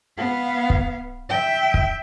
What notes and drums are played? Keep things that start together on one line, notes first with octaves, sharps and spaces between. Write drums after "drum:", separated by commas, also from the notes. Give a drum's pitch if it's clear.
B3 F5
drum: kick
E5 G5
drum: kick